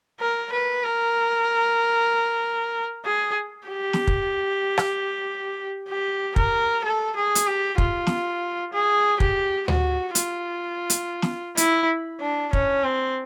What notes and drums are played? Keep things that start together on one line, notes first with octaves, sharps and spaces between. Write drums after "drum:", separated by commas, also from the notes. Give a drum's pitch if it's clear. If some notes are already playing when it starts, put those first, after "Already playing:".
A#4
B4
A#4
G#4
G4
drum: snare
drum: kick
drum: rim click
G4
A#4, drum: kick
A4
G#4
drum: hi-hat
G4
F4, drum: kick
drum: snare
G#4
G4, drum: kick
F#4, drum: tom D2
F4, drum: hi-hat
drum: hi-hat
drum: snare
E4, drum: hi-hat
D4
C#4, drum: kick
C4